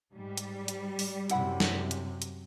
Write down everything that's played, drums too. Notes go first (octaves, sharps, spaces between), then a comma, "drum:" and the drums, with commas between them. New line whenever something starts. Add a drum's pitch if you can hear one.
G#2 G3
drum: hi-hat
drum: hi-hat
drum: open hi-hat
F#2 C3 E4 F#5 B5, drum: hi-hat
drum: snare
drum: hi-hat
drum: hi-hat